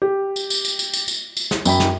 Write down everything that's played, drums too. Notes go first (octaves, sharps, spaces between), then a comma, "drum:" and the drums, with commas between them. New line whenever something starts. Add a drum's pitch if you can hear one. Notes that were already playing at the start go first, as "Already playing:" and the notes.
G4
drum: tambourine
drum: tambourine
drum: tambourine
drum: tambourine
drum: tambourine
drum: tambourine
drum: tambourine
drum: snare
F#2 G5 B5, drum: tambourine
drum: snare